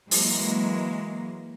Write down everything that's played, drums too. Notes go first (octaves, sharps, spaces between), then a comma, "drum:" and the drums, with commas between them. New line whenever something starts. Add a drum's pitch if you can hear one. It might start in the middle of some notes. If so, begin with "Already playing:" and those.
E3 F#3 G#3 A#3, drum: open hi-hat